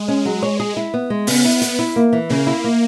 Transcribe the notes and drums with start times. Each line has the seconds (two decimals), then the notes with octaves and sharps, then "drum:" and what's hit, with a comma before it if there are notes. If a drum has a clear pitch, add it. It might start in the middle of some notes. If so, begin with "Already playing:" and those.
Already playing: G#3
0.08 C#4
0.25 F#3
0.43 C#5
0.60 G#4
0.77 E4
0.94 B3
1.10 G#3
1.27 C#3 B3, drum: open hi-hat
1.45 E4
1.62 B3, drum: hi-hat
1.79 E4
1.96 A#3
2.13 E3
2.29 C#3 A#3
2.47 E4
2.64 A#3